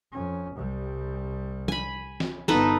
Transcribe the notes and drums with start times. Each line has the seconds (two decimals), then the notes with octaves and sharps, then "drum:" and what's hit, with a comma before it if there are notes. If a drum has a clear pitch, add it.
0.12 F2 C#4
0.55 C2 G3
1.68 G#5 B5, drum: tom
2.20 drum: snare
2.48 G1 B3 D#4 A4 B4, drum: snare